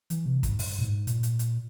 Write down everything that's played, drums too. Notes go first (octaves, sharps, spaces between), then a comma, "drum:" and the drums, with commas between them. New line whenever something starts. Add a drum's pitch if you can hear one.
E3, drum: hi-hat
C3
G#2, drum: kick, hi-hat
G2, drum: open hi-hat
A#2
G#2
A#2, drum: hi-hat
drum: hi-hat
drum: hi-hat